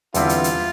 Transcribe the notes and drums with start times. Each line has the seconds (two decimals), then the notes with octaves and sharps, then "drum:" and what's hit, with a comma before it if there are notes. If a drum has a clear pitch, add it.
0.14 E2 D3 G3 C4 E4 F4, drum: hi-hat
0.29 drum: hi-hat
0.44 drum: hi-hat